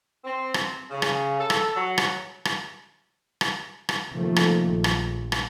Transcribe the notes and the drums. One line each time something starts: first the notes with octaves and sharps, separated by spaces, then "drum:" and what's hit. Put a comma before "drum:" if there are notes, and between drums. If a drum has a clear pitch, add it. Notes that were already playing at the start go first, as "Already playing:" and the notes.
C4
drum: rim click
C#3
drum: rim click
A4
drum: rim click
F#3
drum: rim click
drum: rim click
drum: rim click
drum: rim click
C3 D#3 F3 A3 A#3
drum: rim click
A#1
drum: rim click
drum: rim click